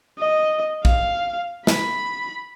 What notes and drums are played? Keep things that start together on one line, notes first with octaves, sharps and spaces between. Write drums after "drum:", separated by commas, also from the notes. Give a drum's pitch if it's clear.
D#5
F5, drum: kick
B5, drum: snare